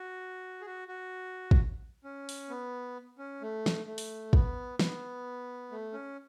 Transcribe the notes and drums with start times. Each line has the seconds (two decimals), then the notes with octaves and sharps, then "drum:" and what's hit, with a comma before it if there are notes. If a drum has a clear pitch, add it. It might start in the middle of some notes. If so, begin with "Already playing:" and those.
Already playing: F#4
0.61 G#4
0.66 F#4
0.88 F#4
1.51 drum: kick
2.04 C#4
2.29 drum: open hi-hat
2.49 B3
3.18 C#4
3.42 A3
3.66 drum: snare
3.87 A3
3.98 drum: open hi-hat
4.33 B3, drum: kick
4.79 B3, drum: snare
5.71 A3
5.93 C#4